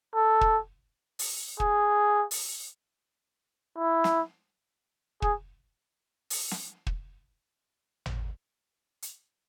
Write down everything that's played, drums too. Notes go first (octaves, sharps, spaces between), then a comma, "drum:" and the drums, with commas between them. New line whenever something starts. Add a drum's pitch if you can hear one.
A4
drum: kick
drum: open hi-hat
G#4, drum: kick
drum: open hi-hat
E4
drum: snare
G#4, drum: kick
drum: open hi-hat
drum: snare
drum: kick
drum: tom
drum: hi-hat